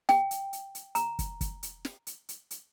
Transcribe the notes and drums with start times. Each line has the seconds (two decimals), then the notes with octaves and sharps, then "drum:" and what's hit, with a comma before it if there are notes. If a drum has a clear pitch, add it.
0.09 G5, drum: snare
0.31 drum: hi-hat
0.53 drum: hi-hat
0.75 drum: hi-hat
0.95 A#5, drum: hi-hat
1.19 drum: kick, hi-hat
1.41 drum: kick, hi-hat
1.63 drum: hi-hat
1.85 drum: snare
2.07 drum: hi-hat
2.29 drum: hi-hat
2.51 drum: hi-hat